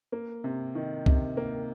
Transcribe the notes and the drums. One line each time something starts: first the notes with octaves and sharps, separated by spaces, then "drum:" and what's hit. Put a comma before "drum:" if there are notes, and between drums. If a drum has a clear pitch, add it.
A#3
C3
D#3
C3, drum: kick C2
A#3